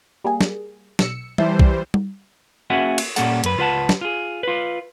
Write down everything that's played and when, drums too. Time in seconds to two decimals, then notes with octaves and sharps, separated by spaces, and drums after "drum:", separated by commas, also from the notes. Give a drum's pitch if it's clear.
0.24 G3 A#3 G#4
0.41 drum: snare
0.99 B1 E6 C#7, drum: snare
1.38 E3 G3 C5 E5 A5, drum: tom G3
1.59 drum: kick B1
1.94 drum: tom G3
2.70 A#3 C#4 F#4 G#4 E5 F#5
2.98 drum: cymbal
3.16 A#2 G3 A#3 C#4 A4 F#5, drum: tambourine
3.44 F#2 B4, drum: hi-hat
3.57 C#2 F4 B4 F#5 A5
3.89 drum: snare
4.01 F4 G#4
4.43 F4 B4